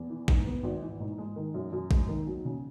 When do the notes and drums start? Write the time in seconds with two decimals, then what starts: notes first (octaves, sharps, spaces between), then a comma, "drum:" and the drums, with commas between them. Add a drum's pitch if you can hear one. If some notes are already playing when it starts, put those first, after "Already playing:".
Already playing: E2
0.10 E3
0.28 G#2, drum: kick
0.46 B3
0.63 G#1
0.82 E3
1.00 G#2
1.18 G#3
1.36 D#3
1.54 F#2
1.72 F#2
1.91 G#3, drum: kick
2.08 D#3
2.27 F#3
2.45 C#3